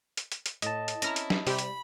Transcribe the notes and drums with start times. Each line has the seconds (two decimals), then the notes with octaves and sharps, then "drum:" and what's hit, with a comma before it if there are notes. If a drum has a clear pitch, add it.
0.17 drum: hi-hat
0.32 drum: hi-hat
0.46 drum: hi-hat
0.62 A2 D#5 A5, drum: hi-hat
0.88 drum: hi-hat
1.02 C4 C#4 E4 A#5 F6 A#6, drum: hi-hat
1.16 drum: hi-hat
1.30 drum: snare
1.47 C3 G3 G4 B5, drum: open hi-hat
1.58 drum: hi-hat